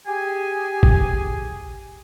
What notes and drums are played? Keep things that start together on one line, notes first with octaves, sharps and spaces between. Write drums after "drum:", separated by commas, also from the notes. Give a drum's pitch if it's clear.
G4 G#4 G#5
drum: kick G#1